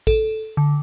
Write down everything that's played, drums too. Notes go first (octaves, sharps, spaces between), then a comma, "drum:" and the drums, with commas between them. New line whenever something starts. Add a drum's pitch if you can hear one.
A4, drum: kick
D3